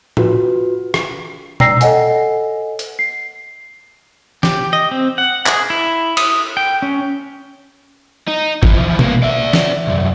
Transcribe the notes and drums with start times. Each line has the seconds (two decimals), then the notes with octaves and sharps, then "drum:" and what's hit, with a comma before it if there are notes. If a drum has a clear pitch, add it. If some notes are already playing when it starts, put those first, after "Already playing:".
0.17 F4 F#4 B4, drum: tom A2
0.94 drum: rim click
1.60 D5 G5 A#5 E6 A#6 C7, drum: tom B2
1.81 A4 C#5 D#5 F#5 G#5, drum: hi-hat
2.79 drum: hi-hat
2.99 C7
4.43 G4, drum: snare
4.73 D#5
4.91 C4
5.18 F#5
5.46 G#4, drum: clap
5.70 E4
6.17 D#6, drum: cymbal
6.57 G5
6.82 C#4
8.28 D#4
8.63 E3 F3, drum: kick G#1
8.99 A#3 B3, drum: tom B2
9.22 D5 E5
9.53 drum: snare
9.87 C2 F#2